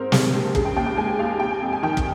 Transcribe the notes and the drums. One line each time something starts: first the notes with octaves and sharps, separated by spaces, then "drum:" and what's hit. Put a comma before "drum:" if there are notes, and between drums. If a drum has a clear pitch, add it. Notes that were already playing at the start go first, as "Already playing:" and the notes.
Already playing: G#2 C4 A#4 C5
G3 G#4, drum: snare
A#1 G4
C#3 G#4, drum: kick
G5
D#2 G5
G5
G#3 G#5
D#2 F5
C3 G5
G#5
F2
G#5
D#3 G5
drum: kick